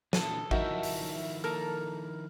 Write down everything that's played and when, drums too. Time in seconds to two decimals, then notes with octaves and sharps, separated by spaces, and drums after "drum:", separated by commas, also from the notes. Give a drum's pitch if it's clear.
0.13 A#2 D3 E3 A4 D#6, drum: snare
0.51 D#3 F3 D#4 E4 F#4 A#4 E5, drum: kick A1
0.83 drum: open hi-hat
1.44 A#3 A4 A#4 F6